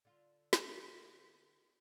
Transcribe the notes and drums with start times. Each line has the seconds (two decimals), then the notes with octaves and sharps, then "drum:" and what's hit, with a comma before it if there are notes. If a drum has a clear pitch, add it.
0.05 D3 F4
0.53 drum: snare